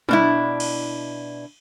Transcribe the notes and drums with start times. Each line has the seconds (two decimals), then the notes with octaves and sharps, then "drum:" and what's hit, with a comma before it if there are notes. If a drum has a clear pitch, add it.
0.09 B2 D4 E4, drum: tom
0.60 drum: cymbal